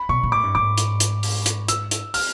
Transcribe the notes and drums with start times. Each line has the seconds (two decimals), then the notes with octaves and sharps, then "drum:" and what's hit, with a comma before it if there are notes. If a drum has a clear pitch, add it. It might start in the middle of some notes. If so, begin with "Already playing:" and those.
Already playing: B5
0.09 B2 C#6
0.23 A#2
0.32 A2 D6
0.44 G2
0.55 G#2 D6
0.78 drum: hi-hat
1.00 drum: hi-hat
1.23 drum: open hi-hat
1.46 drum: hi-hat
1.68 E6, drum: hi-hat
1.91 drum: hi-hat
2.14 F6, drum: open hi-hat